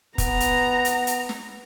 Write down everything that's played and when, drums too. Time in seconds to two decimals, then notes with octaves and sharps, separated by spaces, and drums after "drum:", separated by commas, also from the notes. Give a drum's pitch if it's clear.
0.18 B3 A#5, drum: kick, hi-hat
0.40 drum: hi-hat
0.85 drum: hi-hat
1.07 drum: hi-hat
1.29 drum: snare